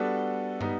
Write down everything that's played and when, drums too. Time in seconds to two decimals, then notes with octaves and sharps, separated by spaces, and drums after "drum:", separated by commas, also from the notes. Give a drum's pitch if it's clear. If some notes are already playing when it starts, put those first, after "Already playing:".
Already playing: G3 B3 D4 F#4 A4
0.61 G3 B3 D#4, drum: tom